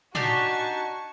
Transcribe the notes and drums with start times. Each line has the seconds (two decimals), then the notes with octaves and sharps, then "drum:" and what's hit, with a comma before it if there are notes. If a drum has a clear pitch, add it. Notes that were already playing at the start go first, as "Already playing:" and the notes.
0.15 D4 D#4 F#4 G4 G#5 A5 C#6, drum: tom